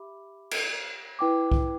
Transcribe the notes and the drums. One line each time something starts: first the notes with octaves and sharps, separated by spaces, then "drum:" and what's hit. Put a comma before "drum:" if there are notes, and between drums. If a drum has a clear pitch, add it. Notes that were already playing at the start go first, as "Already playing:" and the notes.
Already playing: G4 E5 B5 D6
drum: cymbal
E4 B4 G5 D6
drum: kick B1